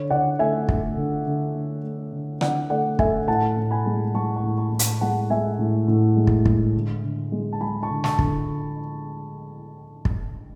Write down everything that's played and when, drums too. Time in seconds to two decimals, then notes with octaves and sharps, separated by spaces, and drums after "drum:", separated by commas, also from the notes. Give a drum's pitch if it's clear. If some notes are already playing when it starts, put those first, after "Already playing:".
Already playing: D3 C#5
0.10 D3 D5 F#5
0.39 A3 E5 G#5
0.69 A3, drum: kick
0.97 D3
1.26 D3
1.55 A3
1.83 A3
2.12 D3
2.41 D3 D5 F#5, drum: rim click
2.70 A3 D5 F#5
2.99 A3 E5 G#5, drum: kick
3.28 A2 F#5 A5
3.57 A2
3.71 G#5 B5
3.86 G#3
4.15 G#3 A5 C#6
4.36 A5 C#6
4.43 A2
4.58 A5 C#6
4.72 A2
4.79 A5 C#6, drum: hi-hat
5.01 G#3 F#5 A5
5.30 G#3 E5 G#5
5.59 A2
5.88 A2
6.17 G#3
6.27 drum: kick
6.45 G#3, drum: kick
6.75 D3
7.03 D3
7.32 G#3
7.53 A5
7.61 G#3 G#5 B5
7.83 A5 C#6
7.90 D3
8.04 A5 C#6, drum: snare
8.19 D3, drum: kick
10.05 drum: kick